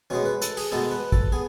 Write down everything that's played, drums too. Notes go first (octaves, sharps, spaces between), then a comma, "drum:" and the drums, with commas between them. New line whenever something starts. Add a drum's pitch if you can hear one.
B2 G#3 B3 C#4
B4
A4, drum: hi-hat
G#4, drum: open hi-hat
B2 G#3 B3 A4
B4
A4, drum: kick
B3 G#4